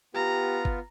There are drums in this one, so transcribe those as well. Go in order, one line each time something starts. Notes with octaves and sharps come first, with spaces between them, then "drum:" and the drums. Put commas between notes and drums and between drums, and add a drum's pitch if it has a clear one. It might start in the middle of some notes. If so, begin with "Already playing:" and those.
B3 F4 G4 A#5
drum: kick G1